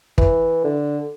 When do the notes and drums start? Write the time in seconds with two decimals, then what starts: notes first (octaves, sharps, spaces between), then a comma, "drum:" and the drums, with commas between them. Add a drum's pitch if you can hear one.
0.18 E3, drum: kick
0.64 D3